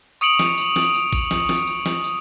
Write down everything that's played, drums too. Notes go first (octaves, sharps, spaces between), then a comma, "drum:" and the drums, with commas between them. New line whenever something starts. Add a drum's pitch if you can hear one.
C#6 D#6 C#7 D7 F7 F#7, drum: tambourine
drum: snare
drum: tambourine
drum: snare
drum: tambourine
drum: kick A1, tambourine
drum: snare
drum: snare
drum: tambourine
drum: snare
drum: tambourine